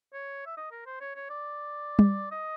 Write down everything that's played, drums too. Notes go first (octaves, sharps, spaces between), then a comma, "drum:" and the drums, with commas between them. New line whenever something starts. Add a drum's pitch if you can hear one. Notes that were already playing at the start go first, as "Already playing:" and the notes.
C#5
E5
D#5
A#4
C5
C#5
C#5
D5
drum: tom G3
D#5